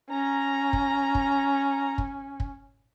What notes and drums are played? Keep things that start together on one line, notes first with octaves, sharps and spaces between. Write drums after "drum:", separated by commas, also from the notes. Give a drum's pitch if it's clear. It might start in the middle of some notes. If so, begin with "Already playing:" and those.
C#4 A#5
drum: kick
drum: kick
drum: kick
drum: kick